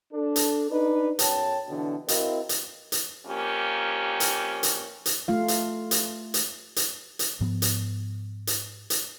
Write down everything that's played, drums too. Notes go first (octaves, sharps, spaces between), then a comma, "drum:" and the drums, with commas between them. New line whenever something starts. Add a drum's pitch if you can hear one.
D4 A4
drum: hi-hat
D4 D#4 B4
B1 F#2 C#5 G5 A5, drum: hi-hat
B2 D3 E3 D4
C4 E4 F#4 A#4 D#5 F5, drum: hi-hat
drum: hi-hat
drum: hi-hat
F2 A#3 C#4 G4
drum: hi-hat
drum: hi-hat
drum: hi-hat
A3 F4 F5
drum: hi-hat
drum: hi-hat
drum: hi-hat
drum: hi-hat
drum: hi-hat
G#2 F3 B3
drum: hi-hat
drum: hi-hat
drum: hi-hat